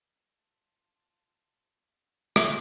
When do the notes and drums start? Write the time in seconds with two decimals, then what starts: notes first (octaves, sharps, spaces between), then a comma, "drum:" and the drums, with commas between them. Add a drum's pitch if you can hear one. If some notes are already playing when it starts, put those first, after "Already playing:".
0.29 F4 A5
2.36 drum: rim click